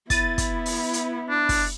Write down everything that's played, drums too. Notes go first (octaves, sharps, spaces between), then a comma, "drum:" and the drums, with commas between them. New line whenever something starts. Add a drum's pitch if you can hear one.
B3 E4 A6 D#7, drum: kick, hi-hat
drum: kick, hi-hat
drum: open hi-hat
drum: hi-hat
D4
drum: kick, open hi-hat